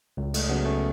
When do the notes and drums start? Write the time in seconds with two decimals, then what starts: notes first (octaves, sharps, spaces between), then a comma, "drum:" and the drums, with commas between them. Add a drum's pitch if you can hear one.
0.17 C#2
0.34 A3, drum: cymbal
0.49 C#3 F#3 B3
0.65 A3 C#4